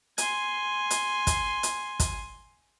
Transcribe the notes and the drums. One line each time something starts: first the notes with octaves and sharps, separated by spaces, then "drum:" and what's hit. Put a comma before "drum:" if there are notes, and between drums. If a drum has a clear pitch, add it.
G#5 C6, drum: hi-hat
drum: hi-hat
drum: kick, hi-hat
drum: hi-hat
drum: kick, hi-hat